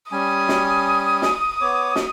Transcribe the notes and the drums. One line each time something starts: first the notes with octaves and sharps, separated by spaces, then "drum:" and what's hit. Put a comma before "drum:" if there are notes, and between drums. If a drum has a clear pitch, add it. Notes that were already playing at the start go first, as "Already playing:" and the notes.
G3 C#4 G#5 D#6
drum: snare
drum: snare
B3 C#5 D6
drum: snare